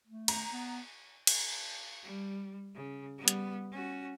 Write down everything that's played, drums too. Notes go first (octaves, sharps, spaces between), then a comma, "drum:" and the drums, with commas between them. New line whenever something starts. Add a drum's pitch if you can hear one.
A3
A#5, drum: cymbal
B3
drum: cymbal
G3
C#3
G3 B3
drum: hi-hat
C#4 F#4